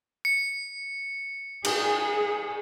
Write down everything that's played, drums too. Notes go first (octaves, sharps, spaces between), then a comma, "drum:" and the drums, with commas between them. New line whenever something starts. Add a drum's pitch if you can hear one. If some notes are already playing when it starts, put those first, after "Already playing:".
C#7
G#4, drum: cymbal